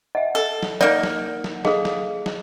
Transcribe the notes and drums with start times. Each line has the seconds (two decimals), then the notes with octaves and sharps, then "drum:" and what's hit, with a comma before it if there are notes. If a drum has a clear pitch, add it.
0.15 D#5 E5 F#5
0.35 A4
0.63 drum: snare
0.81 A#3 D#4 D5 F#5, drum: snare
1.03 drum: snare
1.44 drum: snare
1.65 G#4 A4 D#5 F5, drum: snare
1.85 drum: snare
2.26 drum: snare